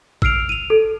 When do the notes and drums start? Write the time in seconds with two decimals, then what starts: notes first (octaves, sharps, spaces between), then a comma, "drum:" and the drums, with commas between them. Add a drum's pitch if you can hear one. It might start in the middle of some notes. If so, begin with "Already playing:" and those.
0.22 E6 F6 C7 D7 F7, drum: kick G#1
0.49 D#7 F7
0.70 A4